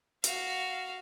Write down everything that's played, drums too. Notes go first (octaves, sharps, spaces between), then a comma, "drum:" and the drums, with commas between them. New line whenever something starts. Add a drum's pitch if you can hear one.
F#4 F5, drum: hi-hat